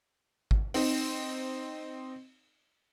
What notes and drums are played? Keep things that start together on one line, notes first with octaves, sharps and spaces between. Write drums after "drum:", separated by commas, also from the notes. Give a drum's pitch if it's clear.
drum: kick G#1
C4 D#4, drum: open hi-hat